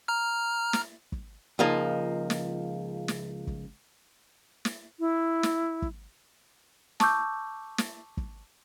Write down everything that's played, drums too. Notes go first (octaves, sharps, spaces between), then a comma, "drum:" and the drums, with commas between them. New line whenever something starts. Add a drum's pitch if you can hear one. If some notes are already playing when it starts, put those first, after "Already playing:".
A#5 F6
drum: snare
drum: kick
C#2 F3 A#3 D#4 A5
drum: snare
drum: snare
drum: kick
drum: snare
E4
drum: snare
drum: kick
A5 C#6 D6 E6 G6, drum: snare
drum: snare
drum: kick